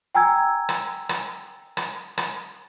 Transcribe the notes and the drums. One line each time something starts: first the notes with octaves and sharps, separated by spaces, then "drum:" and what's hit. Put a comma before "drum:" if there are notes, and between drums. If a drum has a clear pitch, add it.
G5 G#5 A#5 E6 G#6
drum: rim click
drum: rim click
drum: rim click
drum: rim click